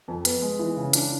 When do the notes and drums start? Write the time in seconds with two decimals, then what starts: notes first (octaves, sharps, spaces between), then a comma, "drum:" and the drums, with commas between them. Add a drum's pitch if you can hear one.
0.08 F2
0.25 B3, drum: hi-hat
0.42 G#3
0.59 E3
0.77 C#3
0.93 D4, drum: hi-hat